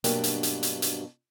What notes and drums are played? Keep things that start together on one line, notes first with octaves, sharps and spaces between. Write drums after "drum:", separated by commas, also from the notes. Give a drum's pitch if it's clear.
G2 B2 F#3 A#3 D4 G4, drum: hi-hat
drum: hi-hat
drum: hi-hat
drum: hi-hat
drum: hi-hat